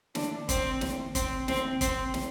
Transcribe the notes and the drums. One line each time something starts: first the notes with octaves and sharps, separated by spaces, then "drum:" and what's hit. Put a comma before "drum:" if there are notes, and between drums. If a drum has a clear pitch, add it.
D4, drum: snare
C4, drum: kick, hi-hat
drum: snare
C4, drum: kick, hi-hat
C4, drum: snare
C4, drum: kick, hi-hat
drum: snare